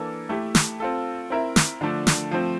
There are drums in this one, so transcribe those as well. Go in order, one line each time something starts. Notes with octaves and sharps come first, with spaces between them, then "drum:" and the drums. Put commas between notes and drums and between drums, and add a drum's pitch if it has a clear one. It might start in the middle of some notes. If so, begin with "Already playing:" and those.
Already playing: E3 A#3 D4 A4
A3 E4 G4
drum: snare
C4 F4 A4
C4 E4 A#4 E5
drum: snare
D3 F3 A3 D4
drum: snare
F3 A3 C4